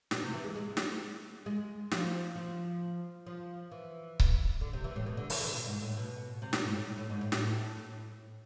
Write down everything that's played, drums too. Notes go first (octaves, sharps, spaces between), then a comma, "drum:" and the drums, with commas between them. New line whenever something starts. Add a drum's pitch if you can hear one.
B2, drum: snare
C3
E3
G#3
G#3
drum: snare
G#3
F3, drum: snare
F3
F3
E3
drum: kick C#1
D3
C3
E3
A2
B2
D3
E3, drum: open hi-hat
D3
B2
G#2
A2
B2
C3
B2, drum: snare
G#2
A2
A2
A2
G#2
A2
A2, drum: snare
A2